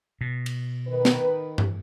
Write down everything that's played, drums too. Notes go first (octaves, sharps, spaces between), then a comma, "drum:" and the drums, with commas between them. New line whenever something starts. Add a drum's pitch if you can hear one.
B2
drum: cymbal
D#3 B4
drum: snare
drum: tom G2